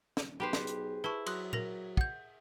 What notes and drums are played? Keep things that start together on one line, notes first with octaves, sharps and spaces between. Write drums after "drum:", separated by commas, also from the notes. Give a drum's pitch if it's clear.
D#1, drum: snare
B1 G4 G#4 B4 C5
drum: snare
drum: hi-hat
E4 B4 A5 C#6
F#3 C6 D#6 F#6, drum: cymbal
A#4 A#6 F7, drum: tom A#2
F#5 G6, drum: kick